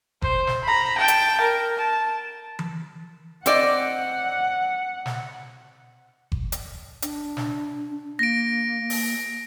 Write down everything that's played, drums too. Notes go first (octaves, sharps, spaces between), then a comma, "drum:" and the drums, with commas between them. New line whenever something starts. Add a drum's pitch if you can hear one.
C5, drum: kick F#1
drum: snare
A#5 B5
G5 A5
drum: hi-hat
A#4
A5
drum: tom E3
C4 D5 D#5 F#5, drum: hi-hat
drum: snare
drum: kick F#1
drum: hi-hat
D4, drum: hi-hat
drum: snare
A#3 A#6 D7
drum: open hi-hat